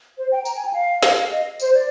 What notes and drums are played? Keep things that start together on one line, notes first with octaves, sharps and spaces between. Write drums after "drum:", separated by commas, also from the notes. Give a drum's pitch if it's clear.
C5
G5
A#5, drum: tambourine
G#5
G5
F5
drum: snare
F5
D#5
C5, drum: tambourine
D5